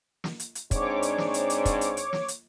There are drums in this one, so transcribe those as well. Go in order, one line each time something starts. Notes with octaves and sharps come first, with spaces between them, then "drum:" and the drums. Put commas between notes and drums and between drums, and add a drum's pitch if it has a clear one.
drum: snare
drum: hi-hat
drum: hi-hat
G#2 C4 D4 C#5 D6, drum: kick, hi-hat
drum: hi-hat
drum: snare
drum: hi-hat
drum: hi-hat
drum: kick, hi-hat
drum: hi-hat
drum: hi-hat
drum: snare
drum: hi-hat